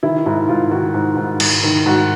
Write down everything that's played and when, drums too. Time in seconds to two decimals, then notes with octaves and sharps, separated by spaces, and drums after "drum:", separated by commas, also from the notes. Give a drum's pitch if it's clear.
0.03 D#3 E4
0.26 G#2 E4
0.49 G#2 F4
0.71 D#3 F#4
0.94 G#2
1.17 G#2
1.40 G#2, drum: cymbal
1.64 D#3
1.86 G#2 F#4